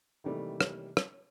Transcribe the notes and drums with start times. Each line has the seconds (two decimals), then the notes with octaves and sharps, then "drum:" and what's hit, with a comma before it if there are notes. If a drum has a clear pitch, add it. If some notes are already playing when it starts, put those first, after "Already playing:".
0.24 C3 D#3 E3 G3 A3 A#3
0.61 drum: rim click
0.97 drum: rim click